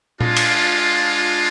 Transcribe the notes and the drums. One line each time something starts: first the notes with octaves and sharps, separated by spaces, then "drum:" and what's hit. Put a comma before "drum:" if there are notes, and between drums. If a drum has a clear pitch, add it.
G#3 D4 F4, drum: tom A#2
drum: cymbal